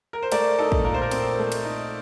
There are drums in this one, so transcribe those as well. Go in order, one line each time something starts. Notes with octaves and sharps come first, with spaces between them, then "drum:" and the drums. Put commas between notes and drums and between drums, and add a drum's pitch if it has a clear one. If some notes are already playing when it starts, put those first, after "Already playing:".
A#4
C5
A3 A#4 D5, drum: cymbal
D#4 A4
drum: kick
A#2 A#4
C5
A#4
C4, drum: cymbal
A3
drum: cymbal
D#4